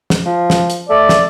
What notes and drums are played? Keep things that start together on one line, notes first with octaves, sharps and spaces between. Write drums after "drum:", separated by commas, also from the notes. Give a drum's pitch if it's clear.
drum: snare
F3
drum: snare
drum: hi-hat
A3 D5
drum: snare